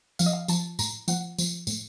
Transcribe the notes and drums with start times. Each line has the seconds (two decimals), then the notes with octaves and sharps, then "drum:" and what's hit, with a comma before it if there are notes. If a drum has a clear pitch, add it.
0.19 F3 F5, drum: tambourine
0.26 D#5
0.33 F5
0.48 F3 A5, drum: tambourine
0.79 A2 A#5, drum: tambourine
1.08 F3 F#5, drum: tambourine
1.39 F3, drum: tambourine
1.67 A2, drum: tambourine